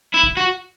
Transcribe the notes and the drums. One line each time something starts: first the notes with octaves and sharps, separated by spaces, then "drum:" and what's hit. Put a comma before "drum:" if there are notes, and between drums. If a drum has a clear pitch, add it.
E4
drum: kick
F#4